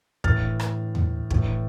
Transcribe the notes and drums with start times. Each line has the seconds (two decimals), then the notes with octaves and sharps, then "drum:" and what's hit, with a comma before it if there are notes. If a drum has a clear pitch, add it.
0.24 A2 E3 F6 A6, drum: kick
0.60 drum: rim click
0.95 drum: tom D#2
1.30 A2 E3, drum: kick